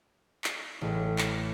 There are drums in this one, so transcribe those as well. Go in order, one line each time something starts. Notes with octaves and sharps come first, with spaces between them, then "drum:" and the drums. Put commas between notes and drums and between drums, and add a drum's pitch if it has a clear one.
drum: clap
A1
drum: clap